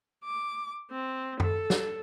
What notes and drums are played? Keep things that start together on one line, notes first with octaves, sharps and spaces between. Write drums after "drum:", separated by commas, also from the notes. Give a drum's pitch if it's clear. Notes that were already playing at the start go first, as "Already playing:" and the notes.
D6
C4
A4, drum: tom F#2
drum: snare